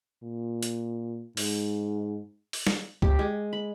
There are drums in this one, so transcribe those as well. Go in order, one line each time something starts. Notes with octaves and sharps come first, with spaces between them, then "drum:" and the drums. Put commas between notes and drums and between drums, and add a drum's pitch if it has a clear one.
A#2
drum: hi-hat
G#2, drum: open hi-hat
drum: open hi-hat
drum: snare
G4, drum: kick C#2
G#3
B5